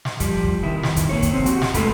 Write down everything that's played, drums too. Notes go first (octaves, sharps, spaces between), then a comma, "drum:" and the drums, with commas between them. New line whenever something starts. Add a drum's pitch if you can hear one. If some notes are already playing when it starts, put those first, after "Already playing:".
drum: snare
F3 G3, drum: kick, hi-hat
drum: kick
C2 D#3 E4
drum: snare
drum: kick, hi-hat
A#3 C#5
drum: kick, hi-hat
D2 C3 F3 C4
F#4 G4, drum: hi-hat
drum: snare
G#3 A3 D4 F4 A4 B5, drum: kick, hi-hat